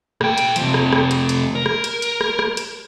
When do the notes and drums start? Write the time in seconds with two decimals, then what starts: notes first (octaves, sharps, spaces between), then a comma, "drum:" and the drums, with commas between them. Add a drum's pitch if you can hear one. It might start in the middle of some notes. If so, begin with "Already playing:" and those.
0.21 A#2 G5, drum: rim click
0.38 drum: hi-hat
0.56 C3 F3, drum: hi-hat
0.74 drum: rim click
0.92 drum: rim click
1.11 drum: hi-hat
1.29 drum: hi-hat
1.55 A#4
1.66 drum: rim click
1.84 drum: hi-hat
2.02 drum: hi-hat
2.21 drum: rim click
2.39 drum: rim click
2.57 drum: hi-hat